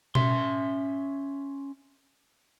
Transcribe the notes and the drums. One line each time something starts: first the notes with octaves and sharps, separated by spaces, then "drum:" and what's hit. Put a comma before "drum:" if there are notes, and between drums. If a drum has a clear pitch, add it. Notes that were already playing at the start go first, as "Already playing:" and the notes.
C#4 E5 C6, drum: tom B2